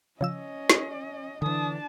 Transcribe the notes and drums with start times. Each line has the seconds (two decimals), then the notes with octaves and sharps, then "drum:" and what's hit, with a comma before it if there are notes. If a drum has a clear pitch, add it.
0.21 C#3 F3 C#4 D#5 E6
0.70 drum: snare
1.42 D3 E3 D4 A5 D#6